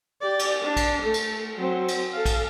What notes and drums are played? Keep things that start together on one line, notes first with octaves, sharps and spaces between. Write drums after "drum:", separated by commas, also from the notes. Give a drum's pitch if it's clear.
G4 D5
drum: cymbal
D4
drum: kick A#1, cymbal
A3 A4
drum: cymbal
F#3 C4
drum: cymbal
A4 F5
drum: kick A#1, cymbal